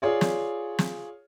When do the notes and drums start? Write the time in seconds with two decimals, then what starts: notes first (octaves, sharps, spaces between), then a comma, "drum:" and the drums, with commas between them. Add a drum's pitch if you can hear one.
0.02 F4 G#4 C#5 D5
0.21 drum: snare
0.79 drum: snare